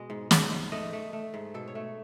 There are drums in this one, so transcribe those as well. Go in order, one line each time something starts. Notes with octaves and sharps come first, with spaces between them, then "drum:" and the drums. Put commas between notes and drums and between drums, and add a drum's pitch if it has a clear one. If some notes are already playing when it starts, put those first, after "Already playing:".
Already playing: B2 G#3 D#5
G#2
G#2, drum: snare
G#2
A3 D#5
A3
A3
G#2
B2 A4
C#5
A3